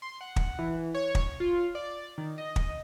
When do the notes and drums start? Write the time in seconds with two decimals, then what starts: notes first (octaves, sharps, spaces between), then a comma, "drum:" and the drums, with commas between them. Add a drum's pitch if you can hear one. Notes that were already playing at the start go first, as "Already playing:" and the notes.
0.02 C6
0.21 F#5
0.36 drum: kick
0.59 E3
0.77 E3
0.94 C#5
1.15 drum: kick
1.40 F4
1.75 D5
2.18 D#3
2.38 D#5
2.56 drum: kick